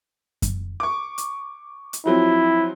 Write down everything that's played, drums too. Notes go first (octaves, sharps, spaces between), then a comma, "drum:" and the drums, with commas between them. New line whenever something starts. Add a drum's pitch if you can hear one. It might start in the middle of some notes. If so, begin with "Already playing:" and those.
drum: kick F#2, hi-hat
C#6 D6
drum: hi-hat
drum: hi-hat
F3 F#3 C4 E4